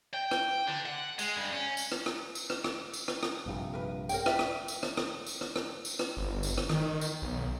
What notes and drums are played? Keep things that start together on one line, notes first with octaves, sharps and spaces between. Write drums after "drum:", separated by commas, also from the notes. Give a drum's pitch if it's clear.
G5
drum: rim click
D3
F#5
G#3, drum: tambourine
G2
C#4
drum: tambourine
drum: rim click
drum: rim click
drum: tambourine
drum: rim click
drum: rim click
drum: tambourine
drum: rim click
drum: rim click
A#1 G2 C3
A#4 B4
A#4 C#5 G5, drum: tambourine
D5 E5, drum: rim click
drum: rim click
drum: tambourine
drum: rim click
drum: rim click
drum: tambourine
drum: rim click
drum: rim click
drum: tambourine
drum: rim click
G1
drum: tambourine
drum: rim click
D#3, drum: rim click
drum: tambourine
B1